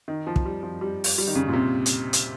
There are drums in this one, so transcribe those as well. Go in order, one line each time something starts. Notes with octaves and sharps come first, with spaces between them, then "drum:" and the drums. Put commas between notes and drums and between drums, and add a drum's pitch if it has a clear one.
D#3
F3
drum: kick
G3
F3
G3
drum: open hi-hat
G3
D#3
C#3
A#2
C3
drum: hi-hat
drum: hi-hat